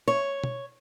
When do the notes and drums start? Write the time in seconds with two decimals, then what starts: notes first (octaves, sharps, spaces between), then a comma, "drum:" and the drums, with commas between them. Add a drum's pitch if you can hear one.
0.08 C#5
0.44 drum: tom